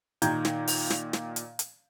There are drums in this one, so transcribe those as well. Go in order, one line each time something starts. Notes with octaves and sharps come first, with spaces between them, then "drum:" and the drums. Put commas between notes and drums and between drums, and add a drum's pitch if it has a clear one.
A#2 D#3 G5 A#5 G6 G#6, drum: hi-hat
drum: snare
drum: open hi-hat
drum: snare
drum: snare
drum: hi-hat
drum: hi-hat